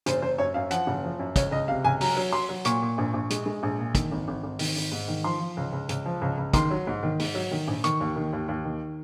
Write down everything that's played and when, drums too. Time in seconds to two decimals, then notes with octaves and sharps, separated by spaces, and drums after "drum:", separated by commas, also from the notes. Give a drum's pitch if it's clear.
0.06 F#1 C5, drum: hi-hat
0.22 F#1 C5
0.38 F#2 C#5
0.54 F#2 F5
0.71 F3 F#5, drum: hi-hat
0.87 F#1
1.04 F3
1.19 F#2
1.36 C#2 C#5, drum: kick, hi-hat
1.51 C#2 D#5
1.68 C3 F5
1.84 C#2 G#5
2.01 F#3 A#5, drum: open hi-hat
2.17 F#3
2.33 F#3 C6
2.49 F#3
2.65 A#2 C#6, drum: hi-hat
2.82 A#2
2.98 A#1
3.14 A#1
3.30 G#3, drum: hi-hat
3.46 G#3
3.63 A#1
3.79 A#2
3.95 D#3, drum: kick, hi-hat
4.12 G#1
4.28 G#1
4.43 G#1
4.59 D#3, drum: open hi-hat
4.76 G#1
4.92 G#2
5.08 D#3
5.24 F3 C6
5.40 F3
5.57 C#2
5.73 C#2
5.89 C#2, drum: hi-hat
6.05 F3
6.22 C#2
6.38 C#2
6.53 D#3 C6, drum: kick, hi-hat
6.71 F#3
6.87 G#2
7.03 D#3
7.19 G#2, drum: open hi-hat
7.35 F#3
7.51 D#3
7.68 A#1
7.84 D#3 C#6, drum: hi-hat
8.00 D#2
8.16 D#3
8.33 D#2
8.48 D#2
8.65 D#3